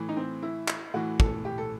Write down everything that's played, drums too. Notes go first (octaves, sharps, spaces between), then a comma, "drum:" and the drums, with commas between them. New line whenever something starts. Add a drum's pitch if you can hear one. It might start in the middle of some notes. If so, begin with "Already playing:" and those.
Already playing: A2 E3
D#4
C4
E4
drum: clap
A2 E3 F#4
A4, drum: kick
G4
A4